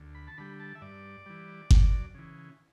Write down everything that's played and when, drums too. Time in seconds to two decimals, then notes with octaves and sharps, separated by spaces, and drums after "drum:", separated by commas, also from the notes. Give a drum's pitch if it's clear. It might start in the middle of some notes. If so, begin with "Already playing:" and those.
Already playing: D2
0.15 B5
0.27 A5
0.38 D3 G3 B5
0.60 A5
0.75 E5
0.81 G2 D5
1.26 E3 G3
1.71 F#2, drum: kick G1
2.14 C#3 E3